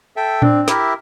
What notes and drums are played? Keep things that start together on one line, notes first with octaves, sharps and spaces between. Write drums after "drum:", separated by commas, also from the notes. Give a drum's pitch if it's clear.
A4 E5 G5
C4 D4, drum: tom A2
E4 G4 A#4 E5, drum: snare